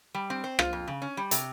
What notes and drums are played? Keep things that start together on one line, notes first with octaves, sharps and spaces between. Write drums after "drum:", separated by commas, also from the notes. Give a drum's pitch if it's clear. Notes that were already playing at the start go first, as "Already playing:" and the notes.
G3
C4
C5
F4, drum: rim click
F2
C#3
C#4
G3
C3, drum: hi-hat